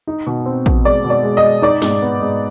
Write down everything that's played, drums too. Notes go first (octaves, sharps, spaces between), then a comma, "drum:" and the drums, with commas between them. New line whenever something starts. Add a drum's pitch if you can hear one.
D#4
B2
C4
B2, drum: kick
G#3 D5
B2
D5
G#3
D#5
G#3
D#4 D5
G#2, drum: snare
B3
G#2